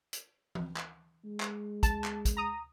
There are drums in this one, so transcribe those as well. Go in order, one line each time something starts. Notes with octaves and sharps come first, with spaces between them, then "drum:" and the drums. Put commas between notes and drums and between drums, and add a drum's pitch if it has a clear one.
drum: hi-hat
drum: tom
drum: clap
G#3
drum: clap
A5, drum: kick, hi-hat
drum: clap
drum: kick, hi-hat
A#5 D#6